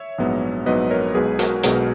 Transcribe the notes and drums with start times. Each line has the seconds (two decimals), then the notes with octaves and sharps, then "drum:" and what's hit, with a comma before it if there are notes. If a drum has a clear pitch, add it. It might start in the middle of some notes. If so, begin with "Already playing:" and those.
Already playing: C#5 E5
0.18 A#1 G#2 F#3 B3
0.66 A#1 G#2 F#3 B3 B4 D#5
0.91 A#4 C#5
1.15 B1 B2 G#3 G#4 B4
1.39 F#4 A#4, drum: hi-hat
1.63 B1 B2 G#3 G#4 B4, drum: hi-hat